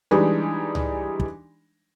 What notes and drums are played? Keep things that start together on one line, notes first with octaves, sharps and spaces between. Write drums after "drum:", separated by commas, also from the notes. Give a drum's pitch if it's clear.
E3 G3 G#3 D4 D#4
drum: tom C#2
drum: kick